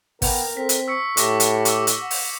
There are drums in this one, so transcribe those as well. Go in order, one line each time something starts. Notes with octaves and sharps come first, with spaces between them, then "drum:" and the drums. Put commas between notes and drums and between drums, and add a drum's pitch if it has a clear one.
B3 A#4 G5, drum: kick, open hi-hat
C4 A4 B6
drum: hi-hat
C#6 E6 B6 C#7
A2 G4 D6 A#6 B6, drum: hi-hat
drum: hi-hat
C#6 D6 E6, drum: hi-hat
drum: hi-hat
F#5
drum: open hi-hat